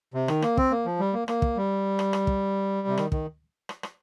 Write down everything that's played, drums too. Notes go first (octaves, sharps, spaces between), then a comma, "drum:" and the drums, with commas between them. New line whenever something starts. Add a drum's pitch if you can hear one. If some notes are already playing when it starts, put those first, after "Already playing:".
C3
D#3, drum: rim click
A#3, drum: rim click
C4, drum: kick
A#3
F3
G3
A#3
A#3, drum: rim click
drum: kick
G3
drum: rim click
drum: rim click
drum: kick
C3
D#3, drum: rim click
D#3, drum: kick
drum: rim click
drum: rim click